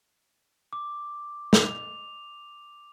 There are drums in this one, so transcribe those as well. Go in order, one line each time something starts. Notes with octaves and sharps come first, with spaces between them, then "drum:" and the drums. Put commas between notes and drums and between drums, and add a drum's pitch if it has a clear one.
D6
F7, drum: snare